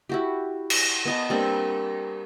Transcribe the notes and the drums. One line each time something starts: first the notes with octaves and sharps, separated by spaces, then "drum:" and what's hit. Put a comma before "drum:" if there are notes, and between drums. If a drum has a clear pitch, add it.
E4 F#4 G4
drum: cymbal
B3 D#5 A5
G3 A#3 C4 D4